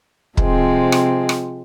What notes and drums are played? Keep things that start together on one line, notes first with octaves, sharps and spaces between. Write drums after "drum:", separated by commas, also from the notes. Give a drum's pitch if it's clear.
C3 F3 G#3 C4, drum: kick
drum: rim click
drum: rim click